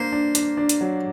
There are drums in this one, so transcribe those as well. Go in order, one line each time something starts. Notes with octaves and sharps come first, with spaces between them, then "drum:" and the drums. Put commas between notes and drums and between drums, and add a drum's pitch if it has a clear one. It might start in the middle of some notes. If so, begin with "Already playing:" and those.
Already playing: A#3 D4 C5
D4
D4, drum: hi-hat
D4
drum: hi-hat
F#3